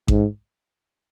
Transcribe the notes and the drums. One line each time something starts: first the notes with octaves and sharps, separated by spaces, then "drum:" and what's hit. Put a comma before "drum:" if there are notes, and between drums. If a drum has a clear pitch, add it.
G#2, drum: kick A1